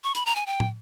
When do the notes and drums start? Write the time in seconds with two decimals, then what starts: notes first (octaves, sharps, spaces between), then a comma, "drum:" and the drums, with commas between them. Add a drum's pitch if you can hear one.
0.04 C#6
0.15 B5, drum: hi-hat
0.26 A#5
0.36 G#5
0.46 G5
0.60 drum: tom